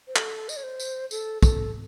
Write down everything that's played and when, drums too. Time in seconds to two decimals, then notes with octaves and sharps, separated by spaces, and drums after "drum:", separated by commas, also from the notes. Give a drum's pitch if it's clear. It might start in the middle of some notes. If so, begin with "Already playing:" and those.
0.07 C5
0.16 A4, drum: clap
0.49 D#5, drum: tambourine
0.57 C#5
0.63 C5
0.80 drum: tambourine
1.11 A4, drum: tambourine
1.43 A4, drum: kick, tambourine